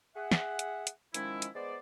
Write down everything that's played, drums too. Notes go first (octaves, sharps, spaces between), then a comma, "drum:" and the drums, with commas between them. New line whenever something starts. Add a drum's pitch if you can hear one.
G#4 E5 F#5
drum: snare
drum: hi-hat
drum: hi-hat
D#3 F3 G#3 C#4 E4, drum: hi-hat
drum: hi-hat
G#3 B3 C5 D5